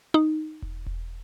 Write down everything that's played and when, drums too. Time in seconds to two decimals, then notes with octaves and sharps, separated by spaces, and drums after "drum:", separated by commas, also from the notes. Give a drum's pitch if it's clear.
0.14 D#4
0.62 drum: kick E1
0.86 drum: kick E1